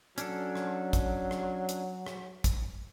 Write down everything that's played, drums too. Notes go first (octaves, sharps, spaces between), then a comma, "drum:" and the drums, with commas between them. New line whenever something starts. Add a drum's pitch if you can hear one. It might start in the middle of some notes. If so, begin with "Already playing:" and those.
F#3 C#4 D4 A4, drum: hi-hat
drum: rim click
drum: kick, hi-hat
drum: rim click
drum: hi-hat
drum: rim click
drum: kick, hi-hat